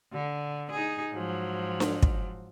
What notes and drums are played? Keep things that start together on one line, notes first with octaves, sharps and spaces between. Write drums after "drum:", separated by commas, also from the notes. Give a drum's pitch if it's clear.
D3
D#4 G#4
G#2 F3 F#3
drum: snare D4
drum: kick